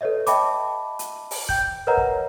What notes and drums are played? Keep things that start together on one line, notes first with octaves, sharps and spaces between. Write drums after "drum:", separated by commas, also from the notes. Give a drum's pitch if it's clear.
A4 B4 C#5 D#5 E5
D#5 E5 G5 A5 B5 D6, drum: hi-hat
drum: hi-hat
drum: open hi-hat
G5 G6, drum: kick
A#4 B4 C#5 D#5 F#5 A#5
drum: kick